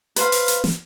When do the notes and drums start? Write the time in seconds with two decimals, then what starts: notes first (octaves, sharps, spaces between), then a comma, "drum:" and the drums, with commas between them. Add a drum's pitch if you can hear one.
0.16 B4 C5 F5, drum: hi-hat
0.32 drum: open hi-hat
0.48 drum: hi-hat
0.64 drum: snare